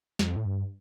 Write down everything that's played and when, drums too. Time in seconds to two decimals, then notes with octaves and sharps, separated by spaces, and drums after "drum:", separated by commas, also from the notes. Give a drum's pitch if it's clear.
0.19 F2, drum: snare
0.36 A2
0.45 G2